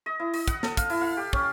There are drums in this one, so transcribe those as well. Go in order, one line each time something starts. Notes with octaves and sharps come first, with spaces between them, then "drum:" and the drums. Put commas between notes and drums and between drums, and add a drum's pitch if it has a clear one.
D#5
E4
D#5, drum: open hi-hat
F#5, drum: kick, hi-hat
A4, drum: snare
F5, drum: kick, hi-hat
E4, drum: open hi-hat
F5
G4
C#4, drum: kick